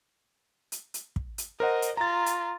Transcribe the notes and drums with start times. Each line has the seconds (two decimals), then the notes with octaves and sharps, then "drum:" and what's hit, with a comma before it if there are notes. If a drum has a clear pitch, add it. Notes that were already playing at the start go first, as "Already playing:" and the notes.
0.72 drum: hi-hat
0.94 drum: hi-hat
1.16 drum: kick
1.38 drum: hi-hat
1.60 A#4 C5 D#5 F#5
1.82 drum: hi-hat
1.97 F4 A#5 A6
2.26 drum: hi-hat